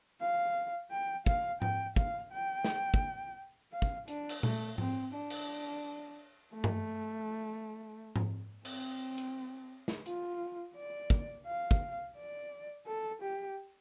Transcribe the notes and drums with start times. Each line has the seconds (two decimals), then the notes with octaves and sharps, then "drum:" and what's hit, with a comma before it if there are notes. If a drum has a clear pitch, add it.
0.21 F5
0.91 G5
1.26 F5, drum: kick
1.62 G5, drum: tom G#2
1.96 F5, drum: kick
2.32 G5
2.64 drum: snare
2.94 drum: kick
3.73 F5
3.82 drum: kick
4.08 D4, drum: hi-hat
4.29 drum: cymbal
4.43 A3, drum: tom A#2
4.78 C4, drum: tom G#2
5.14 D4
5.30 drum: cymbal
6.54 A3
6.64 drum: tom G2
8.16 drum: tom G#2
8.65 C4, drum: cymbal
9.18 drum: hi-hat
9.88 drum: snare
10.06 F4, drum: hi-hat
10.75 D5
11.10 drum: kick
11.46 F5
11.71 drum: kick
12.17 D5
12.87 A4
13.22 G4